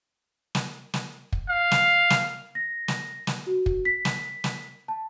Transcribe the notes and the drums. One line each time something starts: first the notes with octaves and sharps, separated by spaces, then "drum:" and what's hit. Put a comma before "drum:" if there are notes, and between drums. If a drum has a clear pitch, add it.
drum: snare
drum: snare
drum: kick
F5
drum: snare
drum: snare
A#6
drum: snare
drum: snare
F#4
drum: kick
B6
drum: snare
drum: snare
A5